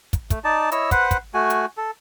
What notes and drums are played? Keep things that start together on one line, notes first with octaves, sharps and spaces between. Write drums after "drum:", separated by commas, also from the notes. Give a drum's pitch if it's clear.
drum: kick, hi-hat
A3, drum: kick, hi-hat
D#4 D5 A5
E4 C#5 D#5 E6, drum: hi-hat
B4 C5 F#5, drum: kick, hi-hat
drum: kick, hi-hat
A3 F#4 G#5
drum: hi-hat
A4